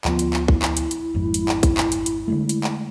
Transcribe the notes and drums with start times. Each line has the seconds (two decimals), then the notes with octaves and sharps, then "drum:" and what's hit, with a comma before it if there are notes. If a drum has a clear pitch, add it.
0.05 D2 F3 B3 F4, drum: clap
0.19 drum: hi-hat
0.33 drum: clap
0.48 E4, drum: kick
0.62 drum: clap
0.77 drum: hi-hat
0.91 drum: hi-hat
1.14 G#1 F2 G#3
1.34 drum: hi-hat
1.49 drum: clap
1.63 drum: kick, hi-hat
1.77 drum: clap
1.92 drum: hi-hat
2.06 drum: hi-hat
2.28 D3 G#3 A3
2.49 drum: hi-hat
2.64 drum: clap